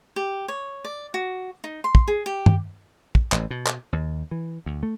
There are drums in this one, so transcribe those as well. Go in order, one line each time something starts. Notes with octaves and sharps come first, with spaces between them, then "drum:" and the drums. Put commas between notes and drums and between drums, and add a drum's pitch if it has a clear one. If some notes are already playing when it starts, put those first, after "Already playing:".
G4
C#5
D5
F#4
D#4
C6
drum: kick
G#4
G4
drum: tom G2
drum: kick
A1, drum: clap
B2
drum: clap
D#2
E3
D2
A3